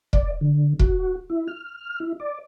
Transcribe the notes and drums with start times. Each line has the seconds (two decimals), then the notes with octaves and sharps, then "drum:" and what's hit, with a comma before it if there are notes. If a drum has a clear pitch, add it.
0.13 D5, drum: kick
0.41 D3
0.79 F#4, drum: kick
1.30 E4
1.47 F6
2.00 E4
2.20 D5